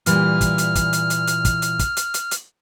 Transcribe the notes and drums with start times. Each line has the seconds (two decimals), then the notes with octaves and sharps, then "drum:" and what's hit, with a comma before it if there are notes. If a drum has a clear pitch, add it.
0.06 A#2 E3 G3 F6, drum: hi-hat
0.41 drum: kick, hi-hat
0.58 drum: hi-hat
0.76 drum: kick, hi-hat
0.93 drum: hi-hat
1.10 drum: hi-hat
1.27 drum: hi-hat
1.45 drum: kick, hi-hat
1.62 drum: hi-hat
1.79 drum: kick, hi-hat
1.97 drum: hi-hat
2.14 drum: hi-hat
2.31 drum: hi-hat